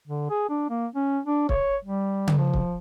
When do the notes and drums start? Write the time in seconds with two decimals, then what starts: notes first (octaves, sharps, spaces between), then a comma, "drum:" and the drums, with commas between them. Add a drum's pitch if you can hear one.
0.08 D3
0.30 G#4
0.49 D4
0.70 A#3
0.95 C#4
1.26 D4
1.49 C#5, drum: kick C#1
1.85 G3
2.27 drum: tom C#3
2.38 F3
2.54 drum: kick C#1